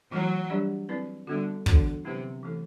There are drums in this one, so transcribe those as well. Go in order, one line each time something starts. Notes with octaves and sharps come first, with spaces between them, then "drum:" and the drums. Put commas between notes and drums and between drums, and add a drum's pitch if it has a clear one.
E3 F#3 A3 E4
G3 D4 G4 D5
C4 E4 B4 D5
D3 G3 B3 F#4
D3 E3 B3 D4 F#4, drum: kick
C3 F#3 B3 E4 G4 B4
E3 A3 E4 A4